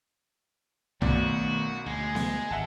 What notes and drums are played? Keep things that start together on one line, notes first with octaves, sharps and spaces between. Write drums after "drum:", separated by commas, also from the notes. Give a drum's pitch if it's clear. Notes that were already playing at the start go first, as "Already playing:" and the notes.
B1 F#2 D#3 A3 B3 F#4 D5, drum: tom B1
D2 G#3
drum: snare B3
G#1 G2 E5 F#5 A5